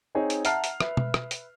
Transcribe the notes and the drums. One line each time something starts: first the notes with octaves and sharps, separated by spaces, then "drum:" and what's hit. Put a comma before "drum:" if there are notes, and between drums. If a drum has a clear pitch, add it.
C4 D#4 G#4 C#5 D#5
drum: hi-hat
E5 F#5 A5 A#5 F6 C7, drum: hi-hat
drum: hi-hat
B4 E5, drum: rim click
drum: tom B2
drum: rim click
drum: hi-hat